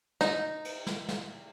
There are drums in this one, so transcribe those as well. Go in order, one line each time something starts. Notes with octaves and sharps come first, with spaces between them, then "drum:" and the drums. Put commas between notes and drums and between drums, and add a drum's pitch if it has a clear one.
D#4, drum: snare
drum: cymbal
drum: snare
drum: snare